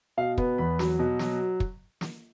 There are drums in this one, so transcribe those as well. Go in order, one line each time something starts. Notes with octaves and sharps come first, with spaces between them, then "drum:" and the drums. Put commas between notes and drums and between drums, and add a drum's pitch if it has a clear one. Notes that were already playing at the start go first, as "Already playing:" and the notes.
B2 F5
B3, drum: kick
E2 B5
F#3, drum: snare
B2
F#3, drum: snare
drum: kick
drum: snare